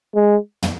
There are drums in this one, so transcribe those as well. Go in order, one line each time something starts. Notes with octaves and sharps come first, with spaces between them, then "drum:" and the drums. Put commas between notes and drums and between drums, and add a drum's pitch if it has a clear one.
G#3
drum: tom